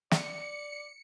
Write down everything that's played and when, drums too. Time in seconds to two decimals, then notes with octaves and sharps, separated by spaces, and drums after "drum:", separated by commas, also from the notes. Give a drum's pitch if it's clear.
0.11 D5 C#7, drum: snare